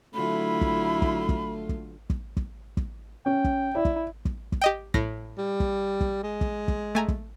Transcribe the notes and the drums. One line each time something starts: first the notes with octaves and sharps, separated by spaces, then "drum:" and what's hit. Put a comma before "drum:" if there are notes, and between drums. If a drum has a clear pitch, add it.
D3 F#3 A3 E4 F4 B5
drum: kick
drum: kick
drum: kick
drum: kick
drum: kick
drum: kick
drum: kick
C#4 G5
drum: kick
E4 D5
drum: kick
drum: kick
drum: kick
G4 D#5 G5
A2 A#6, drum: kick
G3
drum: kick
drum: kick
G#3
drum: kick
drum: kick
A3 G#5 A#5
drum: kick